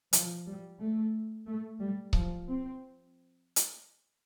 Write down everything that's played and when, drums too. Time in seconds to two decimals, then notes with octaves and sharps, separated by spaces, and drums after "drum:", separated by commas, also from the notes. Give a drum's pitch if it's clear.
0.13 F3, drum: hi-hat
0.46 G3
0.80 A3
1.46 A3
1.80 G3
2.13 F3, drum: kick C#1
2.47 C4
3.56 drum: hi-hat